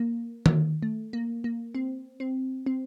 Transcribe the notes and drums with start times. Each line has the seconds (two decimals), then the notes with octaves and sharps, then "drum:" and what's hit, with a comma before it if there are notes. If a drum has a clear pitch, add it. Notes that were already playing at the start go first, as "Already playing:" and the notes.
Already playing: A#3
0.46 drum: tom D#3
0.82 A3
1.13 A#3
1.44 A#3
1.75 C4
2.20 C4
2.66 C4